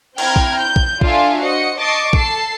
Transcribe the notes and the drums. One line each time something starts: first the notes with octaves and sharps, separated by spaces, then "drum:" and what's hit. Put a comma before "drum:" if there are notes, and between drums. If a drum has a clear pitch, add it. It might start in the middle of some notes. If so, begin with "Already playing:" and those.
C4 E4 G5 A#5 F6 G#6, drum: cymbal
drum: kick
G6
drum: kick
D4 F4 A4 E5 F5 G#5, drum: kick
F#4 C5 D#5 C#7
D#5 A5 C#6 D6 A6 C7
A4 A5 C7, drum: kick